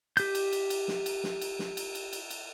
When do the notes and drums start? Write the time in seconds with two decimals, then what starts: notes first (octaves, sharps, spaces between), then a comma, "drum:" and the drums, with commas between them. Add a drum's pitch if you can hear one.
0.17 G4 G6, drum: cymbal
0.35 drum: cymbal
0.53 drum: cymbal
0.70 drum: cymbal
0.88 drum: snare
1.06 drum: cymbal
1.24 drum: snare
1.41 drum: cymbal
1.59 drum: snare
1.77 drum: cymbal
1.95 drum: cymbal
2.13 drum: cymbal
2.30 drum: cymbal